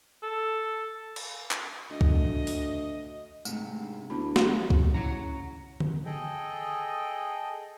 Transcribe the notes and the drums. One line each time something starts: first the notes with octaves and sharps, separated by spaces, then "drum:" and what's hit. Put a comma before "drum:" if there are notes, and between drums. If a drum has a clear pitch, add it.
A4
drum: cymbal
drum: clap
D2 D#5
drum: kick C2
drum: open hi-hat
G#2 C3 A3, drum: tambourine
D4
D2 B3 E4 B5
G#3 C#4 A#5, drum: snare
C#3, drum: kick C2
E4 C#5 F#5 A#5
drum: tom D3
G#4 A4 D#5 G5